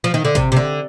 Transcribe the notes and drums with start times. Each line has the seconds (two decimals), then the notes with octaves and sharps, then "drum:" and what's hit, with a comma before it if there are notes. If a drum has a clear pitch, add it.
0.04 F3
0.14 D#3
0.25 D3
0.35 C3, drum: kick, hi-hat
0.52 C3
0.56 D3